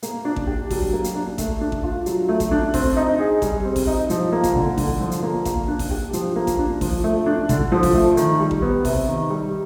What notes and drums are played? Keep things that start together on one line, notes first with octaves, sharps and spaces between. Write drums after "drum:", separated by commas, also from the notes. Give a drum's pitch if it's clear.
A#3, drum: hi-hat
D4
drum: kick A1
G4
F#3, drum: kick A1, open hi-hat
A#3
drum: hi-hat
D4
A3, drum: kick A1, hi-hat
D4
drum: kick A1
F4
F#3, drum: hi-hat
A3
drum: kick A1, hi-hat
D4
C4, drum: kick A1, open hi-hat
D#4
G#4
G3, drum: kick A1, hi-hat
C4
drum: kick A1, open hi-hat
D#4
F3, drum: hi-hat
A#3
drum: kick A1, hi-hat
D3
D3, drum: kick A1, open hi-hat
F3
drum: hi-hat
A#3
A#3, drum: kick A1, hi-hat
D4
drum: kick A1, open hi-hat
G4
F3, drum: hi-hat
A#3
drum: kick A1, hi-hat
D4
F3, drum: kick A1, open hi-hat
A3
D4
D3, drum: kick A1, hi-hat
F3
drum: kick A1, open hi-hat
A3
D#3, drum: hi-hat
G3
drum: kick A1
B3
C3, drum: kick A1, open hi-hat
D#3
G3